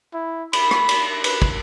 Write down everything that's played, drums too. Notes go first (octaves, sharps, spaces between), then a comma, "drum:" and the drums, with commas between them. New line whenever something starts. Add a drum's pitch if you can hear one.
E4
B5, drum: cymbal
drum: rim click
drum: cymbal
B4, drum: cymbal
drum: kick